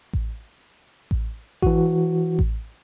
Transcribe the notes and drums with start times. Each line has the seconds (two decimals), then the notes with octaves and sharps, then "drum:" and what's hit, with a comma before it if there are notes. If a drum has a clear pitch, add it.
0.13 drum: kick A1
1.11 drum: kick A1
1.62 E3 F#4, drum: kick A1
2.39 drum: kick A1